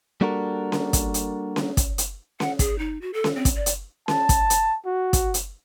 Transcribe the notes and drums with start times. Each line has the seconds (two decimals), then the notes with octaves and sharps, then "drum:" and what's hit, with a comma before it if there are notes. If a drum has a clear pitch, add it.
0.21 G3 A#3 D4 F#4 A4 A#4
0.72 drum: snare C#4
0.93 drum: kick, hi-hat
1.14 drum: hi-hat
1.56 drum: snare C#4
1.77 drum: kick, hi-hat
1.98 drum: hi-hat
2.40 F#5, drum: snare C#4
2.59 G#4, drum: kick, hi-hat
2.79 D#4
3.02 F#4
3.14 A4
3.24 drum: snare C#4
3.36 C4
3.45 drum: kick, hi-hat
3.56 D5
3.66 drum: hi-hat
4.08 A5, drum: snare C#4
4.29 drum: kick, hi-hat
4.50 drum: hi-hat
4.86 F#4
5.13 drum: kick, hi-hat
5.34 drum: hi-hat